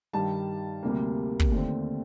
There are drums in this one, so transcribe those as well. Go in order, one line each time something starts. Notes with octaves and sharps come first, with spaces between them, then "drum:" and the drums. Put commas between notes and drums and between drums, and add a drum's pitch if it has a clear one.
G2 D#3 G3 A5
D2 C3 G3 A#3
drum: kick
D#2 D3 A3 C4